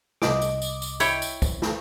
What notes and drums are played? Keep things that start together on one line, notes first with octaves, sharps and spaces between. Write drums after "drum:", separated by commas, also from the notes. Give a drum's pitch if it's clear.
C2 D#5 D6, drum: snare
drum: tambourine
drum: tambourine
drum: tambourine
E4 C#5 G5, drum: tambourine
drum: tambourine
drum: kick, tambourine
drum: snare